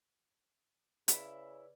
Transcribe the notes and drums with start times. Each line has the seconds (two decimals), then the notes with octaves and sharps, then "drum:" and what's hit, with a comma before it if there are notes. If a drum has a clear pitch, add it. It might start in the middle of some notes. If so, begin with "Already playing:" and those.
1.08 C#3 E4 B4 D5 E5, drum: hi-hat